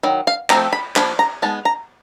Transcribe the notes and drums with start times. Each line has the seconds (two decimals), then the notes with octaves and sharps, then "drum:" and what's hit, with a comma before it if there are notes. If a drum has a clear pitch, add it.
0.03 D#3 F#3
0.27 F5
0.50 F3 A3 C4 A#5, drum: clap
0.73 B5
0.96 F3 A#3 D4 B5, drum: clap
1.19 A#5
1.42 G#3 B3 D#4 A5
1.65 A#5